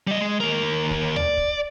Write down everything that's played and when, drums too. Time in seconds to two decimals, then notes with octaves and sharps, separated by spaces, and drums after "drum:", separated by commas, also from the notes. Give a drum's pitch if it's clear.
0.07 G3 D#5
0.20 G#3
0.40 D#2 A#4
0.91 drum: kick
1.16 D5, drum: tom D2
1.37 drum: kick